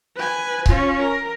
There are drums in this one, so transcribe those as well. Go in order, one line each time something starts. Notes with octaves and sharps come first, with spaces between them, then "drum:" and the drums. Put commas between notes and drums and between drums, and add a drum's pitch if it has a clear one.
B4 G#5
C#4 F4, drum: kick C#1
A#4